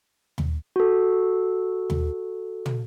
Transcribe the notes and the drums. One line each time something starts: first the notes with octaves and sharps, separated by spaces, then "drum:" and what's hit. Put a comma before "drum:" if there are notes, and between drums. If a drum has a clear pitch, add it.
drum: tom D#2
F#4 A4
drum: tom D#2
drum: tom